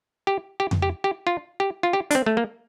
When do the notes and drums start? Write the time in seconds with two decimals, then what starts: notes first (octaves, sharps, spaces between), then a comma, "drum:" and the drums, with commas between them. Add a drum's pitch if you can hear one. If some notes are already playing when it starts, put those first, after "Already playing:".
0.27 G4
0.60 G4
0.71 drum: tom F2
0.82 G4
1.04 G4
1.27 F4
1.60 G4
1.83 F4
1.93 G4
2.11 D4, drum: hi-hat
2.15 C4
2.26 A3
2.37 A#3